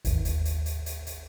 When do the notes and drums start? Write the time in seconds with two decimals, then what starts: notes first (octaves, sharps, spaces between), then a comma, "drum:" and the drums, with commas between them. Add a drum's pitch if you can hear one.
0.05 G#1 D#2, drum: hi-hat
0.25 drum: hi-hat
0.45 drum: hi-hat
0.66 drum: hi-hat
0.86 drum: hi-hat
1.07 drum: hi-hat